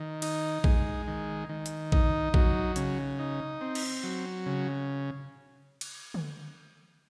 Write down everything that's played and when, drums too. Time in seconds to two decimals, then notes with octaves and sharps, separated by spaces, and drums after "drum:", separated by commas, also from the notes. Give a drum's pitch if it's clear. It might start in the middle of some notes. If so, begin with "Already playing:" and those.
Already playing: D#3
0.22 D#4, drum: cymbal
0.64 G#3, drum: kick A#1
1.07 D#3
1.49 D#3
1.66 drum: hi-hat
1.92 D#4, drum: kick A#1
2.34 F#3, drum: kick A#1
2.76 C#3, drum: hi-hat
3.19 D#4
3.61 C4
3.75 drum: cymbal
4.03 F#3
4.46 C#3
5.81 drum: cymbal
6.14 drum: tom D3